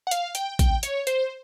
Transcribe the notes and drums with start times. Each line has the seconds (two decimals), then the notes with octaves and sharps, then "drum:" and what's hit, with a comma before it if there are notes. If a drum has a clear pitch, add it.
0.07 F#5
0.11 F5, drum: hi-hat
0.35 G5, drum: hi-hat
0.59 G5, drum: kick, hi-hat
0.83 C#5, drum: hi-hat
1.07 C5, drum: hi-hat